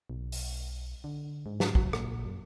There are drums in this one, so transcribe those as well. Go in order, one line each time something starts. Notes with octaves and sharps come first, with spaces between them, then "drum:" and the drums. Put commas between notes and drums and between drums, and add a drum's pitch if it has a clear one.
B1
drum: open hi-hat
D3
G#2
drum: snare
F#3, drum: kick
A#2, drum: rim click
F#2